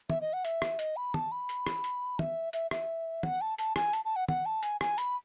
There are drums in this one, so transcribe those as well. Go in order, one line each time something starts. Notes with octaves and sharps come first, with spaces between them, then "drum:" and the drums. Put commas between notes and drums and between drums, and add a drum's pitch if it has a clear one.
E5, drum: tom
D#5
F#5
E5, drum: hi-hat
drum: rim click
D#5, drum: hi-hat
B5
A5, drum: tom
B5
drum: hi-hat
drum: rim click
drum: hi-hat
E5, drum: tom
E5, drum: hi-hat
E5, drum: rim click
F#5, drum: tom
A5
A5, drum: hi-hat
G#5, drum: rim click
A5, drum: hi-hat
A5
F#5
F#5, drum: tom
A5
G#5, drum: hi-hat
G#5, drum: rim click
B5, drum: hi-hat